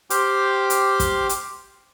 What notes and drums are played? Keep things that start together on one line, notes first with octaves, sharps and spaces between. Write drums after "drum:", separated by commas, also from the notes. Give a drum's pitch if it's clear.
G4 C5 G5 C6 D6 F6, drum: hi-hat
drum: hi-hat
drum: kick, hi-hat
drum: hi-hat